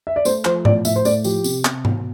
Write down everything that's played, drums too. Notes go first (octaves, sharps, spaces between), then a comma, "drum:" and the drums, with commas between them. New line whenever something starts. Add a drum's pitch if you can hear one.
E5
D5
A3 C5, drum: tambourine
F3 C5, drum: clap
A2 D5, drum: tom G#2
A2 E5, drum: tambourine
C5
A3 D5, drum: tambourine
F3 G4, drum: tambourine
C3, drum: tambourine
C3, drum: clap
B2, drum: tom G#2